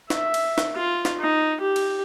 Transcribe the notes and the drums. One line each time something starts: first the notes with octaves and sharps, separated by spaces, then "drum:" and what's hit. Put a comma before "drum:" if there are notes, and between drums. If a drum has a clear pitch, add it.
E5, drum: snare
drum: cymbal
drum: snare
F4
drum: snare
D#4
G4
drum: cymbal